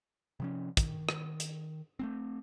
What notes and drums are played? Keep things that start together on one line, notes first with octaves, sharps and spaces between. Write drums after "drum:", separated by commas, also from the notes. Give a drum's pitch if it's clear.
C3 F3 C#4
D#3, drum: kick, hi-hat
drum: rim click
drum: hi-hat
A3 A#3 C4